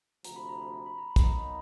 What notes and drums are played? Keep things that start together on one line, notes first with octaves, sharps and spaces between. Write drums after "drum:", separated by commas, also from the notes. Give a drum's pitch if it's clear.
D2 C3 F3 A#5, drum: hi-hat
B5
A#5
B5
A#5
B5
A#5
B5
B2 F#3 A#3 D#4, drum: kick, hi-hat
A#5
B5